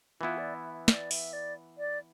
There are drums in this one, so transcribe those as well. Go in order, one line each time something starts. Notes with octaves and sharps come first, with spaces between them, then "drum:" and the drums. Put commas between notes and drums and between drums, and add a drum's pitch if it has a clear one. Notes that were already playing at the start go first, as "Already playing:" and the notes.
E3 B3 E4 F4
D5
E5
D5, drum: snare
E5, drum: open hi-hat
D5
D5